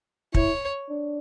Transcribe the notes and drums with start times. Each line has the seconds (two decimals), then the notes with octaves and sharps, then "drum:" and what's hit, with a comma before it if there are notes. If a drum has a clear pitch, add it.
0.34 E4 C#5, drum: kick
0.89 D4